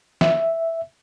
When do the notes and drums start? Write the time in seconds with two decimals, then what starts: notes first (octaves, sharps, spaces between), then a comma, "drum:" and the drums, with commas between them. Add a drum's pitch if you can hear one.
0.21 E5, drum: snare